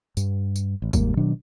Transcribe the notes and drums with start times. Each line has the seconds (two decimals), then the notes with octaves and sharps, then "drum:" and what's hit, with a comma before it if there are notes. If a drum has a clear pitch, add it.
0.17 G2, drum: tambourine
0.56 drum: tambourine
0.82 A1
0.93 D#2 G#2 G3 A#3, drum: kick, tambourine
1.17 B2 D#3 F#3 D4